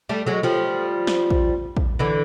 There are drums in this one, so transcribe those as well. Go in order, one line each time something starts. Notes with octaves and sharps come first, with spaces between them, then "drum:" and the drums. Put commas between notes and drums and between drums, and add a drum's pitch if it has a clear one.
G3 A3
F#3 G#3
F3 G3
drum: snare
drum: kick
drum: kick
D3 E3